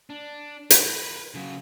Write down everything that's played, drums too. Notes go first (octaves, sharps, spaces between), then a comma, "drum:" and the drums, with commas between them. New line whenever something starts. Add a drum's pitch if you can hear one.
D4
A#4 B4, drum: hi-hat
C#3 F#3